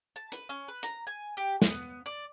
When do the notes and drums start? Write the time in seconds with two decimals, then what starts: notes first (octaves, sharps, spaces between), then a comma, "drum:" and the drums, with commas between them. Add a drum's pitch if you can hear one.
0.16 A5
0.32 B4, drum: hi-hat
0.49 C#4
0.68 B4
0.83 A#5, drum: hi-hat
1.07 G#5
1.37 G4
1.62 B3, drum: snare
2.06 D5